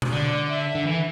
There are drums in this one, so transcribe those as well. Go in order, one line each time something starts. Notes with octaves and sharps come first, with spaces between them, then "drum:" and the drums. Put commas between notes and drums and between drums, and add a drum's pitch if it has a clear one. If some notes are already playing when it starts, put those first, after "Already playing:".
drum: tom B2
D3 D5
E5
D3
E3